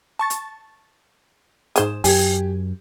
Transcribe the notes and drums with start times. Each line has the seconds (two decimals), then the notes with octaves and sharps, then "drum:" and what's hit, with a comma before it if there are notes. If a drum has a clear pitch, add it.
0.19 A5 C#6 A6
0.30 drum: hi-hat
1.76 G#2 G#4 C5 E7, drum: hi-hat
2.04 F#2 G4 G#5 G#6, drum: open hi-hat